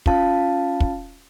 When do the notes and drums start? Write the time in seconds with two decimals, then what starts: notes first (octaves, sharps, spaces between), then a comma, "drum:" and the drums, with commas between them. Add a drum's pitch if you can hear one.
0.06 C#4 F4 F5 A5, drum: kick
0.80 drum: kick